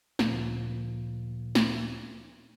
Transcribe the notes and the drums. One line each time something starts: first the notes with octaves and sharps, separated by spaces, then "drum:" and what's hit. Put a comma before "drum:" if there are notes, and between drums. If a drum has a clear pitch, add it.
D2 A#2 F3 A#3, drum: snare
drum: snare